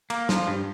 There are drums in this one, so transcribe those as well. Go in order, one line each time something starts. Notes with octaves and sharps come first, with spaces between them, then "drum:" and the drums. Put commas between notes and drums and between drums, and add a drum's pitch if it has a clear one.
A#3, drum: cymbal
F3, drum: snare
G2